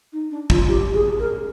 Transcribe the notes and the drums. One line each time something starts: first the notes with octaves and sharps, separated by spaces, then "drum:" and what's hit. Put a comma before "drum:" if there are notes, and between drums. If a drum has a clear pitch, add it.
D#4
D4
F4, drum: kick
G4
G#4
A#4